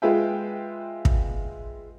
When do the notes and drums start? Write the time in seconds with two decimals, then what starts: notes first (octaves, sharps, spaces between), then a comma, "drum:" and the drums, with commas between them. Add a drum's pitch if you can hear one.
0.02 G#3 F4 B4 E5 G5
1.05 drum: kick